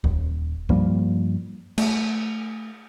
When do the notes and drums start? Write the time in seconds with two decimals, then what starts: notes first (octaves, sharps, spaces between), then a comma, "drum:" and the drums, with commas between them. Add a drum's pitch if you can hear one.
0.04 D#1, drum: kick C2
0.69 G2 F3 G3 A#3, drum: kick C2
1.78 A3, drum: cymbal